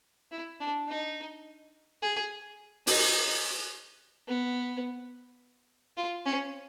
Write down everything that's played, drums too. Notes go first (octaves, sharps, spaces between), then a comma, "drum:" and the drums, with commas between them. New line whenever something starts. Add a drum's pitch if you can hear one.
E4
D4
D#4
G#4
D#4, drum: open hi-hat
B3
F4
C#4